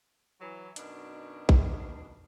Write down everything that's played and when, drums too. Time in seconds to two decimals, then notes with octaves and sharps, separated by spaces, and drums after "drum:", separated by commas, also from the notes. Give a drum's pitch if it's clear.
0.41 E3 F#3
0.76 F#2 B2 D4 D#4, drum: hi-hat
1.49 drum: kick